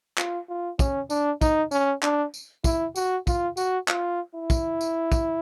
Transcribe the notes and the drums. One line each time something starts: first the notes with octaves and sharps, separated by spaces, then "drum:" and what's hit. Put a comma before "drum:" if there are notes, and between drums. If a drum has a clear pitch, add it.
F4, drum: clap
F4
C#4, drum: kick, tambourine
D4, drum: tambourine
D#4, drum: kick, tambourine
C#4, drum: tambourine
D4, drum: clap
drum: tambourine
E4, drum: kick, tambourine
F#4, drum: tambourine
F4, drum: kick, tambourine
F#4, drum: tambourine
F4, drum: clap
E4
drum: kick, tambourine
drum: tambourine
drum: kick, tambourine